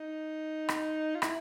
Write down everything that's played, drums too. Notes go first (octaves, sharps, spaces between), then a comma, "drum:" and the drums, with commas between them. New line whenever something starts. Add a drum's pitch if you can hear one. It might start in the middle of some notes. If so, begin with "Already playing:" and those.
Already playing: D#4
drum: rim click
F4
E4, drum: rim click